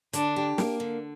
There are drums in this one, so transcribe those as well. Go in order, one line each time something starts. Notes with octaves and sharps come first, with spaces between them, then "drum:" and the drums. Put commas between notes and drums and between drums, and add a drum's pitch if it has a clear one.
D3 D4, drum: hi-hat
G4
A#3, drum: snare
D3